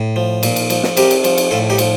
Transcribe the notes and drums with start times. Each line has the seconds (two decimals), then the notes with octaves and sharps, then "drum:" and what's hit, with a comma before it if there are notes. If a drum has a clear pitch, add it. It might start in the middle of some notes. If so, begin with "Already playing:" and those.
Already playing: A2
0.16 F3
0.43 A#2, drum: cymbal
0.56 drum: cymbal
0.70 F3, drum: cymbal
0.83 drum: snare
0.97 C3 G4 A#4, drum: cymbal
1.10 drum: cymbal
1.24 F3, drum: cymbal
1.38 drum: cymbal
1.51 A2 F4 A4
1.70 D#4 G4
1.78 F3, drum: cymbal